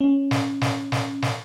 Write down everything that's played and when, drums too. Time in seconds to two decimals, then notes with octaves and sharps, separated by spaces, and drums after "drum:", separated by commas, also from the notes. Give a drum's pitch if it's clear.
0.01 C#4
0.31 drum: snare
0.61 drum: snare
0.92 drum: snare
1.22 drum: snare